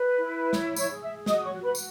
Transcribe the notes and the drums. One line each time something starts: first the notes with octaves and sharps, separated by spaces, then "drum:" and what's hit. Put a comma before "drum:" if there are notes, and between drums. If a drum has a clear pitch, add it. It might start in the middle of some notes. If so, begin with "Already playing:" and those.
Already playing: B4
E4
C#5, drum: snare
C#5 C#6, drum: tambourine
G#4
E5 E6
F#4 D#5 D#6, drum: snare
D#6
C#5 C#6
F#4 B4 B5
drum: tambourine